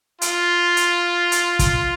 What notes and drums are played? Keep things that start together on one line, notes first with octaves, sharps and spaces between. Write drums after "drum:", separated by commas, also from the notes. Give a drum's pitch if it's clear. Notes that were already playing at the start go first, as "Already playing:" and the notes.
F4, drum: hi-hat
drum: hi-hat
drum: hi-hat
drum: kick, hi-hat